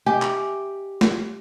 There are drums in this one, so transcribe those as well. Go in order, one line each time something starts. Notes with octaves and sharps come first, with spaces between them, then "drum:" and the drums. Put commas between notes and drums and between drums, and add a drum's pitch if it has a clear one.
G4 D#5 E5 G#5
drum: clap
drum: snare